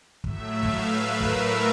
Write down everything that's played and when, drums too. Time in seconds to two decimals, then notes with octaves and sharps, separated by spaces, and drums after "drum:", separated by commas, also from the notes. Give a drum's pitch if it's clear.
0.24 A2 F#3 A3 E5, drum: kick
0.52 F5
0.63 drum: kick
0.81 B4
1.09 A#4
1.21 drum: kick
1.37 A4